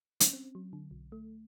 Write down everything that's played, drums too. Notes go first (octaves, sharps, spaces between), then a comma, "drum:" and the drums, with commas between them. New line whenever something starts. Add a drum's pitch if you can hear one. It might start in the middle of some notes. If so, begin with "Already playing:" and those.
C#4, drum: hi-hat
C4
F#3
D3
B1
A3